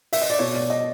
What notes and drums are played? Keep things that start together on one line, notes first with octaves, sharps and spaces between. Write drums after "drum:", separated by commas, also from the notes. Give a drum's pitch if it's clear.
E5, drum: open hi-hat
D#5
D5
B2 C#5
D5
D#5